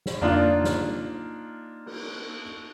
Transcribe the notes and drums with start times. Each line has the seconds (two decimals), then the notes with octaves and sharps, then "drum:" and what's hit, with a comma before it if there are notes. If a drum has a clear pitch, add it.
0.06 drum: snare
0.21 A#3 D4 D#4 F4, drum: tom F2
0.64 drum: snare
1.86 drum: cymbal